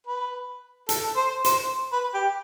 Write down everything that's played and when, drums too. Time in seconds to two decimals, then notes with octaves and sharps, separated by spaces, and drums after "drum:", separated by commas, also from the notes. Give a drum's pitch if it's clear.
0.07 B4
0.89 A4, drum: hi-hat
1.16 C5
1.44 C5, drum: hi-hat
1.93 B4
2.14 G4